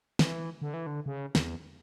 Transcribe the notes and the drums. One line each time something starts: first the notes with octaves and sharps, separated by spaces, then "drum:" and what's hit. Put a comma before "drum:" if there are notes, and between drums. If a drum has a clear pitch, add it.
E3, drum: snare
D3
E3
D3
C#3
E2, drum: snare